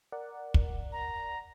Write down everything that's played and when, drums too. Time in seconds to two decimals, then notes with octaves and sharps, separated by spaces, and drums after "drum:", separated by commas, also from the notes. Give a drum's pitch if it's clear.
0.12 A#4 D5 F#5
0.54 drum: kick
0.92 A#5